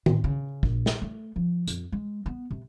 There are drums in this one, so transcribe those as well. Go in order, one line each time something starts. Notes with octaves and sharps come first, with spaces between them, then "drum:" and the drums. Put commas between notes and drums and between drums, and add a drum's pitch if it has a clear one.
A2, drum: tom
C#3
A#1, drum: kick
C3, drum: snare
A3
F3
F2, drum: hi-hat
G#3
B3
C3